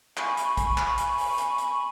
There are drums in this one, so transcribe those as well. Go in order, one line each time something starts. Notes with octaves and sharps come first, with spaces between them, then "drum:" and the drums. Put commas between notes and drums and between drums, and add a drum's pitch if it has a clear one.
G#5 B5 C#6, drum: clap
drum: hi-hat
drum: kick, hi-hat
drum: clap
drum: hi-hat
drum: open hi-hat
drum: hi-hat
drum: hi-hat